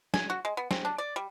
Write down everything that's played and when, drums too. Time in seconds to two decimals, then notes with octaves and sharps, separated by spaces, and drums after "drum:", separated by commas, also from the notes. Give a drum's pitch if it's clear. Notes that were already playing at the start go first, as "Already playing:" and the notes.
0.14 G#5, drum: snare
0.30 F#4
0.45 G#3
0.57 B3
0.71 C4, drum: snare
0.85 D4
0.98 D5
1.16 G3